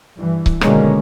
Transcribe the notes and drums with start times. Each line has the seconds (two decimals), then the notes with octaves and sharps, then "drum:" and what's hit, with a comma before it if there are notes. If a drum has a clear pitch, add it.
0.16 G2 E3
0.46 drum: kick C#1
0.61 B2 D3 D#3 G#3 A#3 C#4, drum: rim click